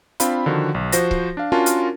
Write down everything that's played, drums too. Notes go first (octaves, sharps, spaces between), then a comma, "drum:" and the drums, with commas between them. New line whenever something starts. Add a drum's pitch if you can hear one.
C4 D4 F4 F5 B5, drum: hi-hat
D3 D#3 F3 F#4
B1
F3 F#4 C5 A#6, drum: hi-hat
drum: kick C#1
D4 F5
C#4 D4 F4 F#4 A#4 A5
drum: hi-hat